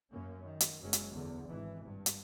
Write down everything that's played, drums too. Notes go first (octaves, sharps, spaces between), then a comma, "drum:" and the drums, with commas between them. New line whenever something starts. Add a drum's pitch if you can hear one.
F#2 A#3 C#4
D#3
drum: hi-hat
F#1 F#3 G#3 C#4
drum: hi-hat
E2 D3
G#1 E3
G2
drum: hi-hat